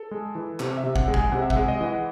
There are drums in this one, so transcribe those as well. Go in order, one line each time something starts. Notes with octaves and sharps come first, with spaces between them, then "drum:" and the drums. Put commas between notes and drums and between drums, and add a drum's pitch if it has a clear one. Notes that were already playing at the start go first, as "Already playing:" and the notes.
Already playing: A4
G#3
E3
C3, drum: clap
E5
C3
F#5, drum: kick
G#3
G#5, drum: kick
C3 F#5
E5
F#5, drum: kick
G#3
D#5
E3
F#5